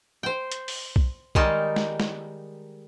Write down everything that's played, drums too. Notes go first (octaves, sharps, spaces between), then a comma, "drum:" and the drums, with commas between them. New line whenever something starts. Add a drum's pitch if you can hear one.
C5 G5
drum: hi-hat
drum: open hi-hat
drum: kick B1
D#3 G3 G#3 D#4 A#4 A5, drum: kick B1
drum: snare
drum: snare